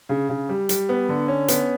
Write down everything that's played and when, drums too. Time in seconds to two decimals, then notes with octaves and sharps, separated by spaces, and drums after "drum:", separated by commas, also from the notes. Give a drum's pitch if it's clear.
0.09 C#3
0.29 C#3
0.49 G3
0.69 G3, drum: hi-hat
0.89 B3
1.09 D3
1.28 C#4
1.48 B3, drum: hi-hat